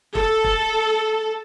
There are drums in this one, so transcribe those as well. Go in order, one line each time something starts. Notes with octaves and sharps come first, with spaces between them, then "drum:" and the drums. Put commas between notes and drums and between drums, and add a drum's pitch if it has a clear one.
A4, drum: kick
drum: kick